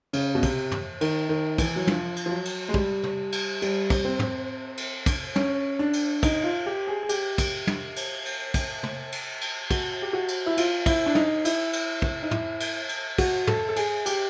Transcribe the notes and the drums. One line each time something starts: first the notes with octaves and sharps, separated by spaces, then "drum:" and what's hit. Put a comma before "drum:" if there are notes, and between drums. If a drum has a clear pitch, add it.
C#3, drum: cymbal
B2
C3, drum: kick, cymbal
drum: tom
D#3, drum: cymbal
D#3
E3, drum: kick, cymbal
F#3
F3, drum: tom
drum: cymbal
F3
F#3
drum: cymbal
G#3
G3, drum: kick
drum: tom
drum: cymbal
G3, drum: cymbal
drum: kick, cymbal
C4
drum: tom
drum: cymbal
drum: kick, cymbal
C#4, drum: tom
D4
drum: cymbal
D#4, drum: kick, cymbal
F4
G4
G#4
G#4
G4, drum: cymbal
drum: kick, cymbal
drum: tom
drum: cymbal
drum: cymbal
drum: kick, cymbal
drum: tom
drum: cymbal
drum: cymbal
F#4, drum: kick, cymbal
G4
F#4
drum: cymbal
E4
F4, drum: cymbal
E4, drum: kick, cymbal
D4
D#4, drum: tom
E4, drum: cymbal
drum: cymbal
drum: kick
D#4
E4, drum: tom
drum: cymbal
drum: cymbal
F#4, drum: kick, cymbal
A4, drum: tom
A4
G#4, drum: cymbal
G4, drum: cymbal